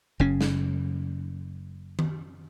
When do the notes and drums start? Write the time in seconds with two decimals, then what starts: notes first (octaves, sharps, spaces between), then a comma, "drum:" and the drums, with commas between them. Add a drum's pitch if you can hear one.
0.20 F#1 C#3 C#4
0.41 drum: snare
1.99 drum: tom D#3